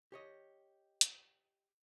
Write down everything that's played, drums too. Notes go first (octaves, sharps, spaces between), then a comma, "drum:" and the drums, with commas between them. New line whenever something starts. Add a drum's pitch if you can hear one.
G4 C#5 D#5
drum: hi-hat